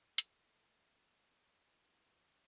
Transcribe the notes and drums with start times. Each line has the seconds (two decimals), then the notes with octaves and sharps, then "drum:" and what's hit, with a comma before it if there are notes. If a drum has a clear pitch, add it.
0.18 A3, drum: hi-hat
1.29 G3
1.83 E3